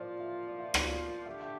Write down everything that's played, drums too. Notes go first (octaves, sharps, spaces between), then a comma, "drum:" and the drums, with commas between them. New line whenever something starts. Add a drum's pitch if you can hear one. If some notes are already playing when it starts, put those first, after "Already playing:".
Already playing: F3 A#3 F4 C5 D5
E5
D5
E5
D5, drum: rim click
D3 A3 D4 G4 E5
E5